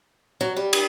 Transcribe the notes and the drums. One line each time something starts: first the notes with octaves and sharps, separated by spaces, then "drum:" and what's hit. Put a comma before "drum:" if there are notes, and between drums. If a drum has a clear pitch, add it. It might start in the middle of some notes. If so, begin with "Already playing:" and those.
F#3
G3
drum: cymbal